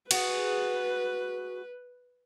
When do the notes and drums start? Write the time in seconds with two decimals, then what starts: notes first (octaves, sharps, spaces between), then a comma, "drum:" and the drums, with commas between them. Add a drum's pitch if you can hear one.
0.11 F#4 G#4 B4, drum: cymbal